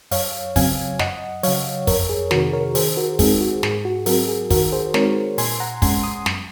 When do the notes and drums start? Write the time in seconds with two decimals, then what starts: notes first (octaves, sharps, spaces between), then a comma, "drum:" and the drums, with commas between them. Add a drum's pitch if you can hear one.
0.11 F#2 C#5 F5, drum: open hi-hat
0.56 C#3 F#3 C4 F5 G#5, drum: kick, open hi-hat
0.99 F#2 D#5 F#5, drum: snare
1.43 C#3 F#3 C#5 F5, drum: open hi-hat
1.87 F2 A#4 C#5, drum: kick, open hi-hat
2.09 G#4
2.31 C3 D#3 F#4 A#4, drum: snare
2.53 A#4 C#5
2.75 D#3 G#4 C5, drum: open hi-hat
2.97 F#4 A#4
3.19 G#3 C4 D#4 G#4, drum: kick, open hi-hat
3.41 F#4
3.63 G#2 G#4, drum: snare
3.85 F#4
4.06 F#3 C4 F#4 A#4, drum: open hi-hat
4.28 G#4
4.50 D#3 F#4 A#4, drum: kick, open hi-hat
4.72 G#4 C5
4.94 G#3 C4 D#4 A#4 C#5, drum: snare
5.38 A#2 G#5 C6, drum: open hi-hat
5.60 F#5 A#5
5.82 G#3 C#4 G#5 C6, drum: kick, open hi-hat
6.03 C6 D#6
6.26 F#2, drum: snare